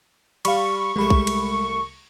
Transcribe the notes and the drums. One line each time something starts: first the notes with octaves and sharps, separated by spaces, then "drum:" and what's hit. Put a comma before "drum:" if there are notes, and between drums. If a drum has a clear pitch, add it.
G3 F5 B5 C#6, drum: cymbal
C2 G#3 A3 B5
drum: kick A#1
drum: cymbal